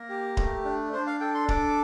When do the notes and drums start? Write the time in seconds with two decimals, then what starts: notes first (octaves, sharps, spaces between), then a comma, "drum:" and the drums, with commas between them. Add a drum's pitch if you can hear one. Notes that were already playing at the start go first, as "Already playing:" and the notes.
Already playing: A#3 A#4
0.09 G4
0.37 A3, drum: kick D1
0.65 D4
0.93 D4 C5
1.07 F5
1.20 A4 G5
1.35 C6
1.49 D4 D6, drum: kick D1